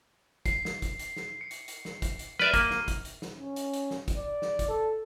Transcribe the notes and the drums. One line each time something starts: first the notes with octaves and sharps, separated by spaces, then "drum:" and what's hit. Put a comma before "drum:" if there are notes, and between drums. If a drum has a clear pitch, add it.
C7, drum: kick, hi-hat
drum: snare
drum: kick, hi-hat
drum: hi-hat
drum: snare
C#7
drum: hi-hat
drum: hi-hat
drum: snare
drum: kick, hi-hat
drum: hi-hat
B4 D5 E5 F6 D#7, drum: snare
A#3 F6 D#7, drum: kick, hi-hat
drum: snare
drum: kick, hi-hat
drum: hi-hat
drum: snare
C#4
drum: hi-hat
drum: hi-hat
drum: snare
drum: kick, hi-hat
D5
drum: snare
drum: kick, hi-hat
A4